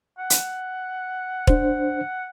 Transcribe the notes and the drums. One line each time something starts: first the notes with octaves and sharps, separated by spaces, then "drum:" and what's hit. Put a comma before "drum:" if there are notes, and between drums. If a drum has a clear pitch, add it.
F#5
drum: hi-hat
D4 C5 F#5, drum: kick